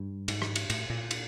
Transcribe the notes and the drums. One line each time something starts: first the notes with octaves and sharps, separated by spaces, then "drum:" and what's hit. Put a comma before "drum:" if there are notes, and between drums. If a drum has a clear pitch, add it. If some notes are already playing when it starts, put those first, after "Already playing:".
Already playing: G2
G#2, drum: cymbal
drum: rim click
drum: cymbal
A2, drum: cymbal
A#2
drum: cymbal